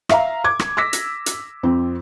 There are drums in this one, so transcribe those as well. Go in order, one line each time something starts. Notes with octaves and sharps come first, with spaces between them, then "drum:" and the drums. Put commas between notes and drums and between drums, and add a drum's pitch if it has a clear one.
E5 F5 A#5, drum: rim click
D6 G#6
drum: rim click
D6 E6 A#6 B6
drum: hi-hat
drum: hi-hat
F2 C4